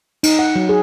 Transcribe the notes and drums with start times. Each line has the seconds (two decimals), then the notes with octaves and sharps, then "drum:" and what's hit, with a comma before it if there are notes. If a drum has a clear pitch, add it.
0.23 D#4, drum: cymbal
0.39 F#5
0.55 F#3
0.69 G#4